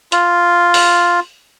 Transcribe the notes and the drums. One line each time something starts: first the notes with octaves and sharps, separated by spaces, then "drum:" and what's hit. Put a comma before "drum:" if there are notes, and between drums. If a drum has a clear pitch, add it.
F4, drum: hi-hat
drum: open hi-hat